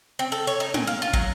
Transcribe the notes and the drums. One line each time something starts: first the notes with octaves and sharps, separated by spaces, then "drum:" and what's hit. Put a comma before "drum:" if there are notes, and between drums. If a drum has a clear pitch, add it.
C4
A4
C#5
D#4
A#2, drum: tom
F5
F4
F#3, drum: kick